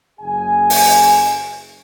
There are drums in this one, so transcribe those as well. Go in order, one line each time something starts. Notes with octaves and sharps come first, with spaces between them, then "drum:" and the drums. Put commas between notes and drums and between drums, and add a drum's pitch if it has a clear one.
F#1 G#4 G#5
drum: open hi-hat